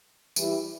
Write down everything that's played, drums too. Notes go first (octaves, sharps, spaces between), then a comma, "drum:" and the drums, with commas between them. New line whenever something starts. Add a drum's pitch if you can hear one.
E3 G3 E4 G4, drum: tambourine